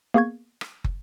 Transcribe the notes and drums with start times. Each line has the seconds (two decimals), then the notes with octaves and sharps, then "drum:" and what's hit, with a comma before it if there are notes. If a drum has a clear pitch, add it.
0.14 A#3 B3 G#4 F5 C#6 G#6
0.61 drum: rim click
0.84 drum: kick